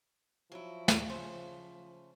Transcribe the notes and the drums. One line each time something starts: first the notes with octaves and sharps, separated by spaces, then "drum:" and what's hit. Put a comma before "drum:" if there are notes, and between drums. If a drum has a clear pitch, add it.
F3 F#3 E4
drum: snare
C#3 A3 C5